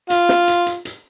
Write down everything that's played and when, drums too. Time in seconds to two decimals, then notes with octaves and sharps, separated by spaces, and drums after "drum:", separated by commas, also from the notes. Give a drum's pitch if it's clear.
0.10 F4, drum: hi-hat
0.29 drum: snare
0.48 drum: hi-hat
0.66 drum: hi-hat
0.85 drum: hi-hat